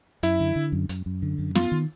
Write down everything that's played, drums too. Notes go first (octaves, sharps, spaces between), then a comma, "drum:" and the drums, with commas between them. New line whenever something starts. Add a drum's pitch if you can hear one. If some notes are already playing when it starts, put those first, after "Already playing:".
F#2 E4, drum: hi-hat
D3
D3
F#2
F#2, drum: hi-hat
F#2
D3
F#2
B3 F4, drum: snare
D#3